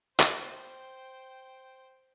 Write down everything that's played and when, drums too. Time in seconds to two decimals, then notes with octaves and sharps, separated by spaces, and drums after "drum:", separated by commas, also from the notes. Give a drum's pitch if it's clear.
0.19 C5 G5, drum: clap